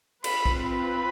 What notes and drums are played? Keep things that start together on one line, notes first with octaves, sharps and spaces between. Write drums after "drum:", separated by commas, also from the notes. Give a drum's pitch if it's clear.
C4 F4 B4 B5, drum: cymbal
drum: kick
B5